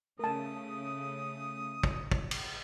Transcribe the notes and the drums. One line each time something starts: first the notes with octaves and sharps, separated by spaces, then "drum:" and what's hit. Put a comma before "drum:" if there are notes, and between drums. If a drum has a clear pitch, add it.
C#3 A3 A#4 A5 D#6
drum: kick
drum: kick
drum: cymbal